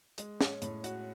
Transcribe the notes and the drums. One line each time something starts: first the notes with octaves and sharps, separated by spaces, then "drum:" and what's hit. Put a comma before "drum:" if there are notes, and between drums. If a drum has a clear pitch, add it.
G#3, drum: hi-hat
C#4, drum: snare
A2, drum: hi-hat
F#4, drum: hi-hat